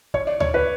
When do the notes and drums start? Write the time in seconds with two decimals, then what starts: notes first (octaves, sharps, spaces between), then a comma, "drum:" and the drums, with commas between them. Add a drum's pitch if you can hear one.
0.14 C#5, drum: kick
0.27 D5
0.40 C#5, drum: tom D2
0.54 B4